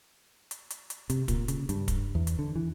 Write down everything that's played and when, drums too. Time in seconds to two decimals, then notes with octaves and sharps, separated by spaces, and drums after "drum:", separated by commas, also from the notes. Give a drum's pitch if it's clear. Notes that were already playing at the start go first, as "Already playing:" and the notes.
0.51 drum: hi-hat
0.70 drum: hi-hat
0.90 drum: hi-hat
1.10 C3, drum: hi-hat
1.28 A#2, drum: kick, hi-hat
1.48 C#3, drum: hi-hat
1.69 G2, drum: hi-hat
1.88 drum: kick, hi-hat
2.15 E2
2.27 drum: hi-hat
2.39 D3
2.55 E3